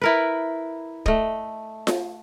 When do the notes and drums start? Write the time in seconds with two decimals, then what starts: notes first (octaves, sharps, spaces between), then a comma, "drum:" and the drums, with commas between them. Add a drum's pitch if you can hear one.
0.01 E4 A#4 B4
1.06 A3 D#5, drum: kick
1.87 drum: snare F4